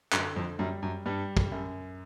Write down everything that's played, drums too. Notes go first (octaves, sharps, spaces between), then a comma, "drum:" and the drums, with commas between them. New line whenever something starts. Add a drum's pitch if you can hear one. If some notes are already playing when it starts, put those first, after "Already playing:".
F#2 D3, drum: clap
F2
F#2 G3
F#2
G2 G3
drum: kick
F#2